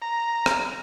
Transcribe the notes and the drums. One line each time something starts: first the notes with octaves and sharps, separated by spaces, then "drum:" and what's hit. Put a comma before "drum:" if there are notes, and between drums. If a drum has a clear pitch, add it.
A#5
drum: rim click